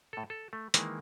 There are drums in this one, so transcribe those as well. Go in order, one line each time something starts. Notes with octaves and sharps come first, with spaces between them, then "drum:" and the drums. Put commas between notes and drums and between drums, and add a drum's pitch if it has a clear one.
A2 A4
A4
A3
D#3 E3 G#3 A#3, drum: hi-hat